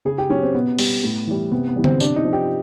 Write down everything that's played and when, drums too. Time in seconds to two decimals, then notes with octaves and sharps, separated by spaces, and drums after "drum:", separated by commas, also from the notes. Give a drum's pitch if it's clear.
0.05 C#3 G#4
0.18 G4
0.29 F#3 C#4
0.43 C4
0.54 B2 B3
0.79 G3, drum: open hi-hat
1.04 A2
1.27 E3 G3
1.51 C3 B3
1.68 B3
1.76 E3 G3
1.84 C4, drum: tom D3
2.00 C3 D4, drum: tambourine
2.16 D#4
2.24 F3
2.33 G4